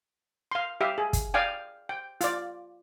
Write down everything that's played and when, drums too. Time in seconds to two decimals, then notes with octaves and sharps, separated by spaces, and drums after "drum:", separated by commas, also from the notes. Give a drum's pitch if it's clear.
0.51 F5 C6
0.81 G4 E5 F5
0.98 G#4
1.13 drum: kick, hi-hat
1.34 D5 F5 G5 G#5
1.89 G5
2.21 F4 D5, drum: hi-hat